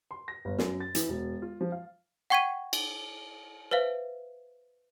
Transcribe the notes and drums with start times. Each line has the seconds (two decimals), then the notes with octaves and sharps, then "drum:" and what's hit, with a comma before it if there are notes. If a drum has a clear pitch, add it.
0.11 C6
0.28 A#6
0.45 G1
0.58 F#2, drum: snare
0.80 A6
0.95 E3, drum: hi-hat
1.09 E1
1.42 F4
1.61 F3
1.72 F5
2.30 F#5 G5 C#6 G#6 B6 D#7
2.73 drum: cymbal
3.71 B4 C5 E5 F5